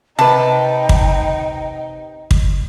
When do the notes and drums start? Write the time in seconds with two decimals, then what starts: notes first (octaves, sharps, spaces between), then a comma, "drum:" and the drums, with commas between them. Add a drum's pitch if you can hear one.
0.19 C3 D#4 B4 G5 A5
0.89 drum: kick
2.31 drum: kick